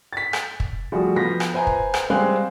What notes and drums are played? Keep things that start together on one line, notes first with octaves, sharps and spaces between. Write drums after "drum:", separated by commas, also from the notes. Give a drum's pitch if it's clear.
A6 B6
drum: rim click
drum: kick
F3 G3 A3 F#4 G#4
F3 B3 A#6 B6
drum: rim click
B4 C5 E5 G#5 A#5
drum: kick
drum: rim click
G3 G#3 C4 F5 G#5 F#6